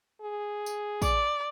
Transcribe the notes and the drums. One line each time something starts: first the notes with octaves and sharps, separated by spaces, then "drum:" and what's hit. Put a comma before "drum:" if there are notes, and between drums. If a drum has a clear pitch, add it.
G#4
drum: tambourine
D5, drum: kick, tambourine